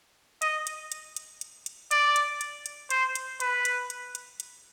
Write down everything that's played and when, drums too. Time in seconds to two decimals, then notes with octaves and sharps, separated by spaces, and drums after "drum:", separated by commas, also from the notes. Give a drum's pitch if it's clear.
0.42 D#5, drum: hi-hat
0.67 drum: hi-hat
0.92 drum: hi-hat
1.16 drum: hi-hat
1.41 drum: hi-hat
1.66 drum: hi-hat
1.91 D5, drum: hi-hat
2.16 drum: hi-hat
2.41 drum: hi-hat
2.66 drum: hi-hat
2.90 C5, drum: hi-hat
3.15 drum: hi-hat
3.40 B4, drum: hi-hat
3.65 drum: hi-hat
3.90 drum: hi-hat
4.15 drum: hi-hat
4.40 drum: hi-hat